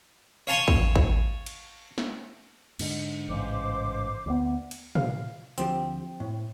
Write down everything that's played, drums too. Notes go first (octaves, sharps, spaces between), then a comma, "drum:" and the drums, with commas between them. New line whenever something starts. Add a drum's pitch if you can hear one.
C#5 F5 G#5 A5 C6 C#6
drum: kick
drum: kick
drum: cymbal
drum: snare
G#2 D3, drum: cymbal
A1 G#2 C#3 C5 D6
D2 G3 B3
drum: cymbal
F5, drum: tom
D2 F3 C4 G4, drum: hi-hat
A2